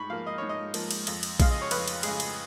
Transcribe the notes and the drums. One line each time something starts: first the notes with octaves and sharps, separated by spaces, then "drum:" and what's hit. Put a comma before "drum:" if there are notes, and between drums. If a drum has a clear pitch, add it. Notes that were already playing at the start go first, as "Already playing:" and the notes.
Already playing: G#2 B5 C#6
F3 A#3 F5
D#5
G#2 C#5
D#5
F3 A#3, drum: cymbal
drum: cymbal
F2, drum: cymbal
drum: cymbal
C#3 G#3 F5, drum: kick A#1, cymbal
D#5
C#5
F2 B4, drum: cymbal
drum: cymbal
C#3 G#3 G#4, drum: cymbal
drum: cymbal